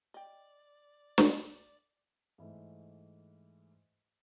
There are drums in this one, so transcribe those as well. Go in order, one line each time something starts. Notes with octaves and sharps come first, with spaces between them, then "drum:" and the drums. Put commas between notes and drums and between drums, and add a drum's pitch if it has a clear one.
D5 D#5 G5
drum: snare
G#2 E3 A3